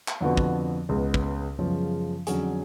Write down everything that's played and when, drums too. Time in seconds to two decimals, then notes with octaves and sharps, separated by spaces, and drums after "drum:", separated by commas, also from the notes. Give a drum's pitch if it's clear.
0.08 drum: clap
0.21 F2 D3 F3 B3 F#4
0.37 drum: kick
0.89 C#2 C#3 G#3 B3
1.14 drum: kick
1.58 F#2 C#3 F3 G#3 B3
2.27 F2 D3 F#3 C#4 G#4, drum: hi-hat